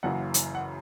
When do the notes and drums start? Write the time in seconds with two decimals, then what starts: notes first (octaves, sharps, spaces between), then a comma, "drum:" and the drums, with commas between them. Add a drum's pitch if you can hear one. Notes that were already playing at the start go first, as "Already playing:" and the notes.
0.03 F#1 F#2 C#3 E3 F#5
0.34 drum: hi-hat
0.55 F#5